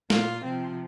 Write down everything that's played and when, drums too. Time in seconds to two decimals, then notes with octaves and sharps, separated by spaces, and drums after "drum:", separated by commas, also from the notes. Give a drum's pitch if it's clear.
0.10 A#2 A#3 F4, drum: snare
0.44 C3 F3 C4